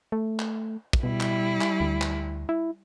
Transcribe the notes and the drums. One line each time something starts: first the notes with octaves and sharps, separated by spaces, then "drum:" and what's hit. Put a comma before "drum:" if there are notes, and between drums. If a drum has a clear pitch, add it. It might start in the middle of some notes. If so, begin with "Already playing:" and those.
A3
drum: clap
drum: kick
B2 G3 E4
drum: clap
drum: clap
D2
drum: clap
E4